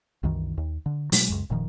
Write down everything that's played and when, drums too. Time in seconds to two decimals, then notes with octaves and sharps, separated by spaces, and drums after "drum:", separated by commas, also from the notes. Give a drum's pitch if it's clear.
0.23 C2 F#2 D#3 E3
0.58 D#2
0.86 D3
1.12 B2 F#3 G#3 A3, drum: open hi-hat
1.28 C#2 F#2 G#3
1.50 F1 A#2 D#3 F3